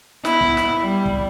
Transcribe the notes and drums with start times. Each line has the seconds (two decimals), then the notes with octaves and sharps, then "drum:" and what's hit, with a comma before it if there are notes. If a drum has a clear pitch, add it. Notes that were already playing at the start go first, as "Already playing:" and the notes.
0.25 B3 E4, drum: snare
0.41 drum: kick
0.57 drum: snare
0.81 G3
1.06 drum: kick